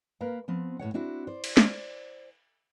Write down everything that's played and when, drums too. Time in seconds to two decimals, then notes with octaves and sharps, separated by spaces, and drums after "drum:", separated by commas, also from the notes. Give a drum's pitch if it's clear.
0.21 A#3 A#4 B4 F5
0.48 F3 B3 C4
0.79 A2 G#3 C#5 F#5
0.94 C4 D4 E4 F#4
1.27 C5 D5
1.44 drum: cymbal
1.57 drum: snare